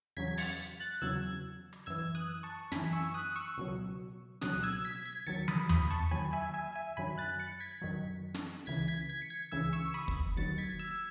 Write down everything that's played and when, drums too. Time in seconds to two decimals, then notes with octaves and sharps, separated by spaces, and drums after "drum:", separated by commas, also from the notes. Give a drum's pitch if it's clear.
0.17 E2 C#3 F#3 G#6 B6
0.38 A6 C#7, drum: open hi-hat
0.80 F#6 A6
1.02 E2 C#3 F#3 E6 G#6
1.73 drum: hi-hat
1.86 F#2 E3 E6 G#6
2.15 D#6 F#6
2.43 A5 C#6
2.72 F#2 E3 G#5 B5, drum: snare
2.92 C#6 E6
3.14 D#6 F#6
3.36 C#6 E6
3.57 C#2 B2 F#3
4.41 C#2 B2 F#3 D#6 F#6, drum: snare
4.63 E6 G#6
4.84 G#6 B6
5.05 G#6 B6
5.26 D#2 D#3 F#3 A6 C#7
5.48 B5 D#6, drum: tom
5.69 B5 D#6, drum: tom E2
5.91 A5 C#6
6.11 D#2 D#3 F#3 G#5 B5
6.33 E5 G#5
6.54 E5 G#5
6.76 E5 G#5
6.97 F#2 D#3 F#3 G#5 B5
7.18 F#6 A6
7.39 A6 C#7
7.60 G#6 B6
7.82 F#2 D#3 F#3
8.34 drum: snare
8.66 C#2 C#3 E3 G#6 B6
8.88 G#6 B6
9.09 G#6 B6
9.22 C#7
9.30 G#6 B6
9.52 C#2 C#3 E3 E6 G#6
9.73 C#6 E6
9.88 C#6
9.94 B5 D#6
10.08 drum: kick
10.37 D#2 D#3 F#3 A6 C#7
10.58 G#6 B6
10.79 E6 G#6